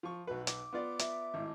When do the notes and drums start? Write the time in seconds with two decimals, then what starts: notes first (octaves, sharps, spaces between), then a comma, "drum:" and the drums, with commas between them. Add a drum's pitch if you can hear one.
0.03 F3 C#6
0.27 B1 F#4 B4
0.47 D6, drum: hi-hat
0.73 B3 F4 D5
0.99 E5, drum: hi-hat
1.34 G#1 A2